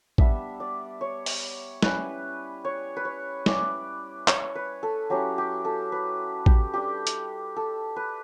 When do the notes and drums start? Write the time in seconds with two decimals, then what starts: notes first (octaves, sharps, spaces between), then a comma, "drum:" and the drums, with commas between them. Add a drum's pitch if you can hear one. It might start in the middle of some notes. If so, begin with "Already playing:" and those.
0.18 G3 B3 D4 E5, drum: kick
0.60 D5
1.01 C#5
1.26 drum: open hi-hat
1.83 G3 C#4 E4 B4, drum: snare
2.65 C#5
2.97 B4
3.05 C#5
3.46 G3 C#4 E4 D5, drum: snare
4.28 C#5, drum: clap
4.55 B4
4.83 A4
5.10 F#3 C#4 E4 G4
5.38 G4
5.65 A4
5.92 B4
6.46 G4, drum: kick
6.74 G3 D4 G4
7.07 drum: hi-hat
7.56 A4
7.96 B4